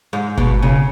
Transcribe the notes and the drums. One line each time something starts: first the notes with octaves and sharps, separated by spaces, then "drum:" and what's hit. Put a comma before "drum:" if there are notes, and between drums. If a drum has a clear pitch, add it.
G#2
B2, drum: kick G1
C#3